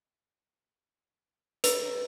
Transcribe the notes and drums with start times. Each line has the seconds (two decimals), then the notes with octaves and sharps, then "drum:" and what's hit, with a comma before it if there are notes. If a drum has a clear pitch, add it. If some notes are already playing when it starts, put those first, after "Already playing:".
1.64 B4, drum: hi-hat